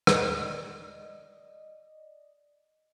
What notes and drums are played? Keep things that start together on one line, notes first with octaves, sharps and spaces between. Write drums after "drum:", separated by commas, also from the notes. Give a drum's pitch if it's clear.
D5 D#5, drum: rim click